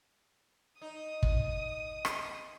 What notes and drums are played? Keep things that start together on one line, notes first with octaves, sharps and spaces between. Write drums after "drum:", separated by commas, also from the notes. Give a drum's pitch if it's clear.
D#4 D#6
drum: kick
drum: rim click